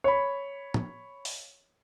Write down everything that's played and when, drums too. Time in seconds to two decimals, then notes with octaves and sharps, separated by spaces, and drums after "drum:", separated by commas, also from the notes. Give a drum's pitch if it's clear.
0.04 C#5 B5
0.74 drum: tom
1.25 drum: open hi-hat